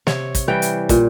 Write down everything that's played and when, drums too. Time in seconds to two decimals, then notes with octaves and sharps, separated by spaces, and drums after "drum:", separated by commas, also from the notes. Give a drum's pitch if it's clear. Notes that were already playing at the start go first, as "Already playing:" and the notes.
0.07 C3 C#5, drum: snare
0.35 drum: kick, hi-hat
0.48 E3 G3 G5
0.62 drum: hi-hat
0.89 A#2, drum: kick, hi-hat